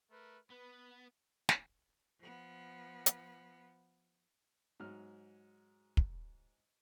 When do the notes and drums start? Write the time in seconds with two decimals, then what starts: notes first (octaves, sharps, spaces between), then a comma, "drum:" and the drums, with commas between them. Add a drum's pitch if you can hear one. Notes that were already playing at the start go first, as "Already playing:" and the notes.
0.11 A3 A#4 B4
0.50 B3 B4
1.49 drum: snare
2.20 F3 B3
3.06 drum: hi-hat
4.80 G#2 F#3 F6
5.97 drum: kick